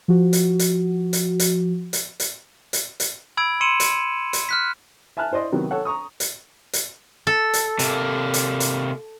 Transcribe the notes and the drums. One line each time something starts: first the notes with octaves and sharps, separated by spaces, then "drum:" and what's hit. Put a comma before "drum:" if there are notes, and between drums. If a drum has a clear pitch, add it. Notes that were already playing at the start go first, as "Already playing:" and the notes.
F3 F#4
drum: hi-hat
drum: hi-hat
drum: hi-hat
drum: hi-hat
drum: hi-hat
drum: hi-hat
drum: hi-hat
drum: hi-hat
B5 E6 G#6 D7
C6 E6 C#7 D#7 E7 F#7
drum: hi-hat
drum: hi-hat
F6 F#6 B6
E5 G#5 A5 F6 F#6
E4 C5 D5 D#5 C6
C3 D#3 F#3 B3
A4 C#5 F#5
A#5 C#6 D#6
drum: hi-hat
drum: hi-hat
A4
drum: hi-hat
C3 A#3, drum: hi-hat
drum: hi-hat
drum: hi-hat